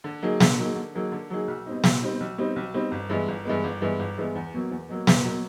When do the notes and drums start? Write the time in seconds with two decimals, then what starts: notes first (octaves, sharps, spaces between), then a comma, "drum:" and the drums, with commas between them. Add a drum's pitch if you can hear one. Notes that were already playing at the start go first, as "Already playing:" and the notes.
0.04 D3
0.22 F#3 A#3 D#4 G#4
0.40 D3, drum: snare
0.59 F#3 A#3 D#4 G#4
0.76 D3
0.95 F#3 A#3 D#4 G#4
1.12 D3
1.30 F#3 A#3 D#4 G#4
1.48 B1
1.66 B2 G3 C4 D#4
1.84 B1, drum: snare
2.02 B2 G3 C4 D#4
2.20 B1
2.38 B2 G3 C4 D#4
2.56 B1
2.74 B2 G3 C4 D#4
2.91 G1
3.09 G2 E3 G#3 B3
3.28 G1
3.45 G2 E3 G#3 B3
3.64 G1
3.82 G2 E3 G#3 B3
3.99 G1
4.18 G2 E3 G#3 B3
4.35 E2
4.54 B2 F#3 A#3
4.71 E2
4.89 B2 F#3 A#3
5.07 E2, drum: snare
5.24 B2 F#3 A#3